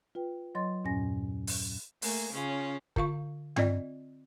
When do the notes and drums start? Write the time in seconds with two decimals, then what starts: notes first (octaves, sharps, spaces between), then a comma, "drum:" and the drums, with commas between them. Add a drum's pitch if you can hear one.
0.15 F4 B4 G5
0.55 F#3 C#5 D#5 C6 A6
0.84 E2 G2 A#2 C#4 G#5 A#6
1.47 drum: open hi-hat
2.02 A3 A#3 G#4, drum: open hi-hat
2.32 C#3 C#4 F4
2.96 D3 F4 F5 C#6, drum: kick
3.56 C4 F4 D5 D#5, drum: tom G2